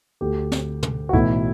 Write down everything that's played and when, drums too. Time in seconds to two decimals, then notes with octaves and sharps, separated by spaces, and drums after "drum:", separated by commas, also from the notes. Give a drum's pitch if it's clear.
0.21 D2 D3 A3 G4
0.52 drum: snare
0.83 drum: tom
1.09 F#4
1.13 B1 A2 E3 A3 E4, drum: kick C#2